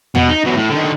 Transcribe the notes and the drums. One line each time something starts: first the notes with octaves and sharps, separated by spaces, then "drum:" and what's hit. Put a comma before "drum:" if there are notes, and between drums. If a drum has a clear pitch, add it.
B2, drum: tom E2
D#4
E2 F#3
A2
D3 D#3